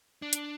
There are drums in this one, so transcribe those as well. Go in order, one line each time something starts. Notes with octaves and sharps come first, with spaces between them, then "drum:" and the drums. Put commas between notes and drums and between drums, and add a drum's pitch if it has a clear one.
D4
drum: hi-hat